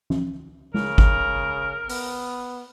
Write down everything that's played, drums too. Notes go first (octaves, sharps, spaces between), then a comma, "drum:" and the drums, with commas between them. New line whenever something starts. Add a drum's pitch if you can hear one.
drum: tom
C#3 A#4, drum: tom G#3
drum: kick G#1
B3, drum: open hi-hat